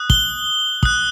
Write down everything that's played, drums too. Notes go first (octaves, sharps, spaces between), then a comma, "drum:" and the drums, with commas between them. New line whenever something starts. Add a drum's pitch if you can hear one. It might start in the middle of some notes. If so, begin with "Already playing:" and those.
Already playing: D#6 F#6
G7, drum: kick
D#6 F#6, drum: kick